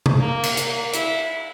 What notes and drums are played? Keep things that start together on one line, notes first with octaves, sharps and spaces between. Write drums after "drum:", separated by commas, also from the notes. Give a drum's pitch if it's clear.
drum: tom
A#3
drum: cymbal
drum: hi-hat
E4, drum: hi-hat